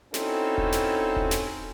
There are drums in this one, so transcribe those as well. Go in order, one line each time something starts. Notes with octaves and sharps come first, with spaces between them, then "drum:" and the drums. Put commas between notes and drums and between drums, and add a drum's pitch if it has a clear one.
C4 C#4 D#4 E4 F#4 A4, drum: snare
drum: kick E1
drum: snare
drum: kick E1
drum: snare